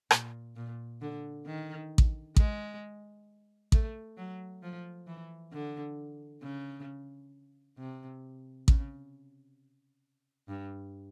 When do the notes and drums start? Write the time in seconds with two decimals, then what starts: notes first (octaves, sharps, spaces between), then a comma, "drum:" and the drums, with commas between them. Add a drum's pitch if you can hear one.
0.11 A#2, drum: rim click
0.56 A#2
1.01 D3
1.46 D#3
1.98 drum: kick A1
2.36 G#3, drum: kick A1
3.72 A3, drum: kick A1
4.17 F#3
4.63 F3
5.07 E3
5.52 D3
6.42 C#3
7.78 C3
8.68 C#3, drum: kick A1
10.48 G2